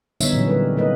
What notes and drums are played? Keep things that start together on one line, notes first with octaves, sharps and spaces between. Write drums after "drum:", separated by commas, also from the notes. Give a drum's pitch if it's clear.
D3 G3 B3 D#4 C#5 E5, drum: tambourine
A#2 D3 E3 F#3 C#4
D3 G3 A#4 B4
C3 A#3 D#4 A#4 B4 D#5